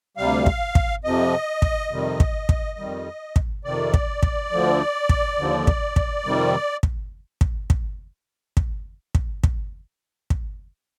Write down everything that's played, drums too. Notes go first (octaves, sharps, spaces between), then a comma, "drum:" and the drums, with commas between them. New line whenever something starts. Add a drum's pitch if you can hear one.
D2 C3 G3 F5
drum: kick
drum: kick
F2 C3 F3 D#5
drum: kick
F2 C3 D#3 G3
drum: kick
drum: kick
F2 D#3 G3
drum: kick
F2 C3 D#3 D5
drum: kick
drum: kick
D2 D3 F3
drum: kick
D#2 D3 F3
drum: kick
drum: kick
F2 C3 D#3 G3
drum: kick
drum: kick
drum: kick
drum: kick
drum: kick
drum: kick
drum: kick